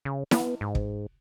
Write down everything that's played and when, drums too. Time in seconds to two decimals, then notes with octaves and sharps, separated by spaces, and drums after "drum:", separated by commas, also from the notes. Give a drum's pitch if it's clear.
0.05 C#3
0.31 B3, drum: snare E4
0.61 G#2
0.75 drum: kick